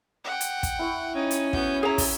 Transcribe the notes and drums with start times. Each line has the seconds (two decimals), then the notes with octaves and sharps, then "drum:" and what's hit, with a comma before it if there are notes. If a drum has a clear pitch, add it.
0.24 F#5 G5
0.41 drum: hi-hat
0.63 drum: kick, hi-hat
0.79 E4 C#6
1.16 C#4 D#4
1.31 drum: hi-hat
1.53 B3 F#4 G6, drum: kick
1.83 E4 G#4 C#5 A#5
1.98 drum: kick, open hi-hat